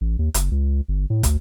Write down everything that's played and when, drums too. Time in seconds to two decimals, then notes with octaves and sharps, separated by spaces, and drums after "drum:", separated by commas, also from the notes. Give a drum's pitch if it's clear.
0.01 A1
0.19 D#2
0.34 F#1, drum: hi-hat
0.51 C#2
0.88 G1
1.10 A2
1.23 D2, drum: kick, hi-hat